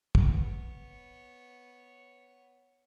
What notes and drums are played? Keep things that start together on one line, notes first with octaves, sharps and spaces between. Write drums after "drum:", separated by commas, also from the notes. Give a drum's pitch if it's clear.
B3 C#5, drum: kick